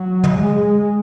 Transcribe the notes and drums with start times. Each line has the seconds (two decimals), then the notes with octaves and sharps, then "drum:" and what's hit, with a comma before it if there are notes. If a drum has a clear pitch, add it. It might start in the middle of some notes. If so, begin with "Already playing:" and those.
Already playing: F#3
0.24 drum: tom
0.36 G#3